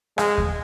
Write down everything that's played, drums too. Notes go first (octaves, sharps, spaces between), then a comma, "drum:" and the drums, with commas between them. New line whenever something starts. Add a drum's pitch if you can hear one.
G#3, drum: rim click
drum: kick D#2